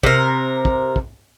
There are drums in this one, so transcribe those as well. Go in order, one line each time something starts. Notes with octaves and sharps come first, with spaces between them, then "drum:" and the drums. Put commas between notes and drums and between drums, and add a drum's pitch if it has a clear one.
C3 A#4, drum: kick
drum: kick
drum: kick